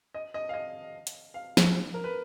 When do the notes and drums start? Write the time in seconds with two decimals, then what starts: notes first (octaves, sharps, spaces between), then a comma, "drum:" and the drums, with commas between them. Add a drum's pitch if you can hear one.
0.14 D#5
0.34 D#5
0.49 F5
0.54 D#5
1.07 drum: hi-hat
1.34 F5
1.57 drum: snare
1.94 A#4
2.04 B4